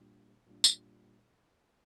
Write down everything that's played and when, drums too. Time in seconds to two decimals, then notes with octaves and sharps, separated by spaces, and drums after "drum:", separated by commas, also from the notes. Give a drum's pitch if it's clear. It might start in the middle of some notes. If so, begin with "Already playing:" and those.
Already playing: A#2 G3 D4 F4
0.46 A#2 G3 D4 F4
0.64 drum: tambourine